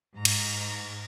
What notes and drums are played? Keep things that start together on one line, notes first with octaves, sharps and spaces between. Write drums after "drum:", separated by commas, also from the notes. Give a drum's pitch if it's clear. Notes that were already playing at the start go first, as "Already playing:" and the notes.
G#2 A#5
drum: cymbal